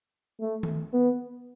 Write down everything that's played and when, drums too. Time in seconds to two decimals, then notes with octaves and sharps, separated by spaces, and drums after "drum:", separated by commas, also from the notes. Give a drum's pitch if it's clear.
0.40 A3
0.63 drum: tom D#3
0.93 B3